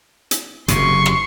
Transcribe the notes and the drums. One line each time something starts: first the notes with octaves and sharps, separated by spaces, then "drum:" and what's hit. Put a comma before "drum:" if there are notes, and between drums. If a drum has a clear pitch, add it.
drum: hi-hat
F#1 F#2 C3 C6 C#6, drum: hi-hat
drum: rim click